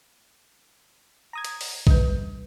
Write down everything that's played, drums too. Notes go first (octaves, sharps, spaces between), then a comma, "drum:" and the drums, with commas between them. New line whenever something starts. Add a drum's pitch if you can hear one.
A#5 D#6 G#6
drum: hi-hat
drum: open hi-hat
C2 F#2 D3 G3 B4, drum: kick A#1